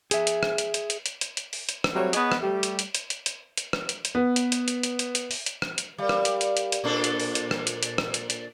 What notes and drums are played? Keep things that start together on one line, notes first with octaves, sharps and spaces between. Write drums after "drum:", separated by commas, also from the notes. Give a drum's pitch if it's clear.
G#4 E5, drum: hi-hat
drum: hi-hat
drum: rim click
drum: hi-hat
drum: hi-hat
drum: hi-hat
drum: hi-hat
drum: hi-hat
drum: hi-hat
drum: open hi-hat
drum: hi-hat
drum: rim click
F#3 G3 A3 C4 C#5
B3 G#4 C#5 D#5, drum: hi-hat
drum: rim click
G3 A3 G4
drum: hi-hat
drum: hi-hat
drum: hi-hat
drum: hi-hat
drum: hi-hat
drum: hi-hat
drum: rim click
drum: hi-hat
drum: hi-hat
B3
drum: hi-hat
drum: hi-hat
drum: hi-hat
drum: hi-hat
drum: hi-hat
drum: hi-hat
drum: open hi-hat
drum: hi-hat
drum: rim click
drum: hi-hat
G3 A#4 D5 F5
drum: rim click
drum: hi-hat
drum: hi-hat
drum: hi-hat
drum: hi-hat
A#2 D4 A4 A#4 C5
drum: hi-hat
drum: open hi-hat
drum: hi-hat
drum: rim click
drum: hi-hat
drum: hi-hat
drum: rim click
drum: hi-hat
drum: hi-hat